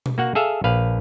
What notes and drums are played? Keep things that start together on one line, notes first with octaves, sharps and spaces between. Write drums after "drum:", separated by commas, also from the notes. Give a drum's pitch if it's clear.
drum: tom B2
A#3 F#4 F#5
G#4 A4 E5 F5
A#1 B4 F5